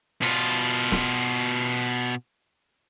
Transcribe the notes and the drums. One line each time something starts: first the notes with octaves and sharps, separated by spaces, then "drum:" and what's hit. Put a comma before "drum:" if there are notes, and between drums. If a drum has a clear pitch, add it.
B2 F4, drum: open hi-hat
drum: snare